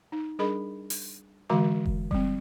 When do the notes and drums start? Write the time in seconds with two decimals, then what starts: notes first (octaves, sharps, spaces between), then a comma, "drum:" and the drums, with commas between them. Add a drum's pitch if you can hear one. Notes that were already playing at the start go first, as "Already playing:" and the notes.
0.12 D#4
0.39 G3 D4 G#4 A#4 D#5 B5
0.90 drum: open hi-hat
1.50 D3 E3 G#3 F#4 F5 D6
1.86 drum: kick F1
2.11 G3 C4, drum: kick F1